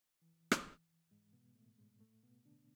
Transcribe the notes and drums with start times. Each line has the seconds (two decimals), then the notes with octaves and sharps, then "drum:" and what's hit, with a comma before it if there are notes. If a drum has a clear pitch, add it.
0.22 E3
0.52 drum: rim click
1.11 G#2 G#3
1.33 B2 B3
1.56 A2 A3
1.79 G#2 G#3
2.00 A2 A3
2.23 B2 B3
2.45 D3 D4